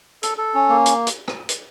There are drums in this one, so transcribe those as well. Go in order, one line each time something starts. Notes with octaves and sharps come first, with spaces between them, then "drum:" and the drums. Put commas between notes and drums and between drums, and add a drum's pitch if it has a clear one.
A4, drum: hi-hat
A4
C#4
A#3
drum: hi-hat
drum: hi-hat
drum: rim click
drum: hi-hat